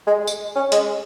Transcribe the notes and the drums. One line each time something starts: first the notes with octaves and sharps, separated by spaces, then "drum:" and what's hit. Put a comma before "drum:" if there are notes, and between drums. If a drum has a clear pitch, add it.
G#3
drum: tambourine
C#4
G#3, drum: hi-hat